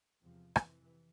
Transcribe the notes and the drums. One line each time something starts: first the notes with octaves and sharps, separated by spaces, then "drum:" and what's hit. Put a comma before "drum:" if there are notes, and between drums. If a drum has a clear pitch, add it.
E2 C3 F3
F2 C3 E3, drum: rim click